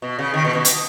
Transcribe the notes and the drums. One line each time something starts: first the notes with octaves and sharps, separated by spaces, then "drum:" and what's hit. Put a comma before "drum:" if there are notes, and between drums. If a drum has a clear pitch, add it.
B2
C#3
D#3
B2
B2
drum: hi-hat